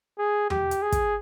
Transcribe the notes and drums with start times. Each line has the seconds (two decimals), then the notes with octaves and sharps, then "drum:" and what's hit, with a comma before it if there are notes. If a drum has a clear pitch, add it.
0.19 G#4
0.50 G4, drum: tom E2
0.71 drum: hi-hat
0.82 G#4
0.92 drum: kick, hi-hat